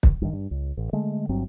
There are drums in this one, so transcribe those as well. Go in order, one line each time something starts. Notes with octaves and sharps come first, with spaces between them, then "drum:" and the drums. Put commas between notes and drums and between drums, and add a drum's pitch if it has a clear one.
drum: kick
G2 D#3
G2
C#2
A1
D3 G#3 A3
G1 G2 F#3 C4